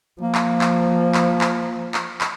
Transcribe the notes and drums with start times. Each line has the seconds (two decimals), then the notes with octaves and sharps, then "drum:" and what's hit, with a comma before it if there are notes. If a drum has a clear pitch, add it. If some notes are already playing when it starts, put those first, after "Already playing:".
0.21 F3 A#3
0.35 drum: clap
0.61 drum: clap
1.14 drum: clap
1.41 drum: clap
1.94 drum: clap
2.21 drum: clap